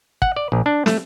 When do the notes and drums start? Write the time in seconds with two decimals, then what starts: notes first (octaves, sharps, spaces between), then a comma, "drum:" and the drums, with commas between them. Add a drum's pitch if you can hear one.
0.22 F#5, drum: kick
0.36 D5
0.52 A#1
0.66 D4
0.86 A3, drum: snare